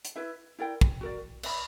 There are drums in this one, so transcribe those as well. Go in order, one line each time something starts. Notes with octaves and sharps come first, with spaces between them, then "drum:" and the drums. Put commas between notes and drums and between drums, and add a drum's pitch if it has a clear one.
drum: hi-hat
E4 B4 E5
E4 A#4 D5 G5
drum: kick
F#4 A#4 D5
B4 E5 B5, drum: cymbal